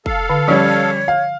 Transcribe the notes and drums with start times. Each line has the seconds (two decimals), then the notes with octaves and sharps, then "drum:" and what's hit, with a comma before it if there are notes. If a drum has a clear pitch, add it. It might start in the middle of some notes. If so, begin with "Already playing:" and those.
0.06 A4 F5, drum: kick
0.30 D3
0.48 F3 G3 C#4 C#5 D5
1.08 F5